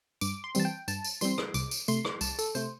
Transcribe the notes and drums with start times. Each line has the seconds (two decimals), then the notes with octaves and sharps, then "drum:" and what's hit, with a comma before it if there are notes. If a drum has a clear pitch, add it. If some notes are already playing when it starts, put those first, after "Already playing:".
0.21 G2 D6, drum: tambourine
0.44 C6
0.55 E3 G3 C4 A5, drum: tambourine
0.65 G5
0.88 G2 A5, drum: tambourine
1.05 drum: tambourine
1.21 E3 G3 C4 C6, drum: tambourine
1.38 drum: rim click
1.54 C2 D6, drum: tambourine
1.71 drum: tambourine
1.88 C3 A3 C6, drum: tambourine
2.05 drum: rim click
2.21 C2 A5, drum: tambourine
2.39 A4, drum: tambourine
2.55 C3 A3 C5, drum: tambourine